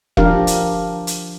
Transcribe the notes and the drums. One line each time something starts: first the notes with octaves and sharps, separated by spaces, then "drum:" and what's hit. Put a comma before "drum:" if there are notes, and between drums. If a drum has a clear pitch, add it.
F3 D4 G4 A#4 F5, drum: kick E1
drum: hi-hat
drum: hi-hat